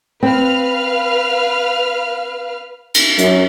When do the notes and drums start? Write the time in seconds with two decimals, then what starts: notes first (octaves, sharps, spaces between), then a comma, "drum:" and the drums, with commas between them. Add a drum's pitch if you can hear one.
0.23 C4 B4 F5 F6
2.94 drum: cymbal
3.18 F#2, drum: hi-hat